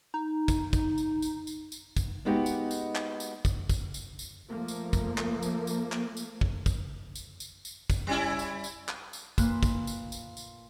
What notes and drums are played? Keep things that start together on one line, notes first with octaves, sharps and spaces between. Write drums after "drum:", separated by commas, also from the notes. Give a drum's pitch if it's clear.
D#4
drum: kick, tambourine
drum: kick, tambourine
drum: tambourine
drum: tambourine
drum: tambourine
drum: tambourine
drum: kick, tambourine
G#3 A#3 B3 D#4 F#4 G4
drum: tambourine
drum: tambourine
drum: clap
drum: tambourine
drum: kick, tambourine
drum: kick, tambourine
drum: tambourine
drum: tambourine
F3 A3 A#3
drum: tambourine
drum: kick, tambourine
drum: clap
drum: tambourine
drum: tambourine
drum: clap
drum: tambourine
drum: kick
drum: kick, tambourine
drum: tambourine
drum: tambourine
drum: tambourine
drum: kick, tambourine
G3 C#4 E4
drum: tambourine
drum: tambourine
drum: clap
drum: tambourine
A#2 A#3 B4 F#6, drum: kick, tambourine
drum: kick, tambourine
drum: tambourine
drum: tambourine
drum: tambourine